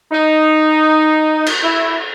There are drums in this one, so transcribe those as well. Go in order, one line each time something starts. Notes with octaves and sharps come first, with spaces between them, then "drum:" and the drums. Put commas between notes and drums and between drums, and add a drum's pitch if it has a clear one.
D#4
drum: cymbal
E4